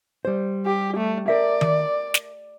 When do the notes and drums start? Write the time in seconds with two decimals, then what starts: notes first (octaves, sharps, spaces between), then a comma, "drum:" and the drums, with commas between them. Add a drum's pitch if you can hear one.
0.25 G3 C5
0.66 G4
0.97 A3
1.28 A#4 D5 E5
1.61 drum: tom D#3
2.14 drum: snare